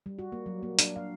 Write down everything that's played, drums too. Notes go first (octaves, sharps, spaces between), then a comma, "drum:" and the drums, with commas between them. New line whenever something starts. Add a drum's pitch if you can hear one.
G3
F#4
A#3
F#3
A#3
D4, drum: hi-hat
F5